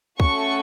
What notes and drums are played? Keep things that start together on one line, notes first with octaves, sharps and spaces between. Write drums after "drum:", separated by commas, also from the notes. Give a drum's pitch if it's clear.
A3 C#4 F#4 A4 C#6, drum: kick